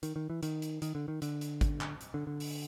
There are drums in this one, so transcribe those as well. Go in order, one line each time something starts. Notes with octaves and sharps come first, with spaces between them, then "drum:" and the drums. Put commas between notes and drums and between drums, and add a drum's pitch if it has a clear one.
D#3, drum: hi-hat
D#3
E3
D#3, drum: hi-hat
drum: hi-hat
D#3, drum: hi-hat
D3
D#3
D3, drum: hi-hat
drum: hi-hat
drum: kick G#1, hi-hat
drum: clap
drum: hi-hat
D3
D3
drum: open hi-hat